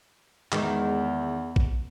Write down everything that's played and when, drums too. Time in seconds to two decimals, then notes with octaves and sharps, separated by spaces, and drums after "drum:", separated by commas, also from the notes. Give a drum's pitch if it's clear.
0.52 E2 D#3 E3 G#3, drum: clap
1.56 drum: kick A1